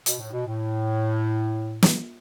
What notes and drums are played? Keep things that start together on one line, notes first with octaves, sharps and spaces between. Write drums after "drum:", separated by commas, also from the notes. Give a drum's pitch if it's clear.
B2, drum: hi-hat
A2
B2
A2
drum: snare